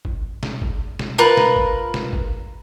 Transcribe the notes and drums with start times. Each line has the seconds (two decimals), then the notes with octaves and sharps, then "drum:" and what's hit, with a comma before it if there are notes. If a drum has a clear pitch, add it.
0.05 drum: kick G1
0.43 drum: snare
0.62 drum: kick G1
0.99 drum: snare
1.18 F4 A#4 B4 F#6
1.37 drum: snare
1.56 drum: kick G1
1.94 drum: snare
2.13 drum: kick G1